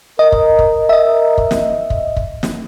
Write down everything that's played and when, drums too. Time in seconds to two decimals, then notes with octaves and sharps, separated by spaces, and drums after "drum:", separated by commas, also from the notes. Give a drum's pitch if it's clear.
0.19 A#4 D#5
0.32 drum: kick
0.59 drum: kick
0.89 D#5 E5
1.38 drum: kick
1.51 drum: snare
1.90 drum: kick
2.16 drum: kick
2.43 drum: snare